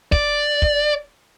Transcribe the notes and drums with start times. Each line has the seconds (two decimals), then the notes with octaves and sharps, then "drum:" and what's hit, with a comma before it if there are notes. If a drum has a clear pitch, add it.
0.12 D5, drum: kick
0.62 drum: kick